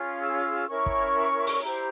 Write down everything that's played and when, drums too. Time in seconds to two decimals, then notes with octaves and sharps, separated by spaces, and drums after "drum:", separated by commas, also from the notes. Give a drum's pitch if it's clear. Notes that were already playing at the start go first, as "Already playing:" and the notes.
Already playing: C#4 F4 G#4
0.22 E6
0.68 C#4 E4 A#4 C#5 C#6
0.86 drum: kick
1.47 drum: open hi-hat
1.61 E4 G4 C5 A#5